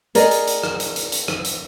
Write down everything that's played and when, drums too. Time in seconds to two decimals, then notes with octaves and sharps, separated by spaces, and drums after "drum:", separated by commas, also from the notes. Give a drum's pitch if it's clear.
0.15 G#4 A#4 D5 D#5, drum: hi-hat
0.31 drum: hi-hat
0.47 drum: hi-hat
0.63 drum: rim click
0.80 drum: hi-hat
0.96 drum: hi-hat
1.12 drum: hi-hat
1.28 drum: rim click
1.44 drum: hi-hat